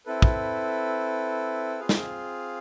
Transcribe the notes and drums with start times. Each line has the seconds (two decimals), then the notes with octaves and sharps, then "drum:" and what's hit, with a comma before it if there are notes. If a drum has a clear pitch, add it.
0.06 C4 E4 A4 B4
0.22 drum: kick
1.80 C4 F4 G#4 F5
1.89 drum: snare